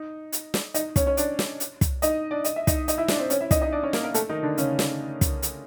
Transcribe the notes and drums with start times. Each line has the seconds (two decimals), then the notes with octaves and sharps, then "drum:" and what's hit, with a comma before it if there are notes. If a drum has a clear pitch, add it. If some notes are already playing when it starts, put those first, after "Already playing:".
Already playing: D#4
0.33 drum: hi-hat
0.54 drum: snare
0.74 D#4 D#5, drum: hi-hat
0.96 C#4 C#5, drum: kick, hi-hat
1.06 C#4 C#5
1.17 D4 D5, drum: hi-hat
1.39 drum: snare
1.60 drum: hi-hat
1.81 drum: kick, hi-hat
2.02 D#4 D#5, drum: hi-hat
2.31 D4 D5
2.44 D#5, drum: hi-hat
2.56 E5
2.67 D#4 D#5, drum: kick, hi-hat
2.88 D#4 D#5, drum: hi-hat
2.98 E4 E5
3.08 D4 D5, drum: snare
3.19 C4 C5
3.30 C#4 C#5, drum: hi-hat
3.41 E4 E5
3.51 D#4 D#5, drum: kick, hi-hat
3.62 D#4 D#5
3.72 D4 D5
3.83 C#4 C#5
3.93 A#3 A#4, drum: snare
4.04 A#3 A#4
4.14 A3 A4, drum: hi-hat
4.29 D#3 D#4
4.43 D3 D4
4.58 C#3 C#4, drum: hi-hat
4.79 drum: snare
5.21 drum: kick, hi-hat
5.43 drum: hi-hat